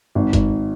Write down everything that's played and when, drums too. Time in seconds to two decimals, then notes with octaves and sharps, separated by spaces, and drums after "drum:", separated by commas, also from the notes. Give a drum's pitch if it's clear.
0.15 G#1
0.33 G#1, drum: kick G1, hi-hat